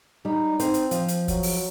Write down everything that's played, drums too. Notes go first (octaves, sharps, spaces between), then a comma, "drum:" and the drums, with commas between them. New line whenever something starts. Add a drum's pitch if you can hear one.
G3 D#4
C4 D#4 C5, drum: hi-hat
drum: hi-hat
F3, drum: hi-hat
drum: hi-hat
F#3, drum: kick, hi-hat
drum: open hi-hat